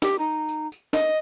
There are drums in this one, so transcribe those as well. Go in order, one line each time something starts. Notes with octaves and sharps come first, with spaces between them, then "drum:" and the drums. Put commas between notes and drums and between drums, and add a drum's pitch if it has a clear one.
G4, drum: snare
D#4
drum: tambourine
drum: tambourine
D#5, drum: snare